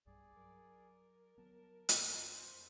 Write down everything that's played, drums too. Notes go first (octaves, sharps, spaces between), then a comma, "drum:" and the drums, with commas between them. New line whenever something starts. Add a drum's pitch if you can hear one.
B1 G2 G3 G#4 D5
F#3 A#4
F#3 B3 A5
F2, drum: hi-hat
C5